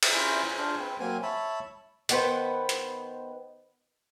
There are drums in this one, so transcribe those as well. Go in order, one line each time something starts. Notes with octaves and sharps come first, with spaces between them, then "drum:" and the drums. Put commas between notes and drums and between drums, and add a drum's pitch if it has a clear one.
drum: cymbal
C#4 E4 F4
D4 F4 G#4
C4 B4
F#3 A#3 C4 G#5
C#5 E5 A5 B5
D#3 B3 B4 C5, drum: hi-hat
drum: hi-hat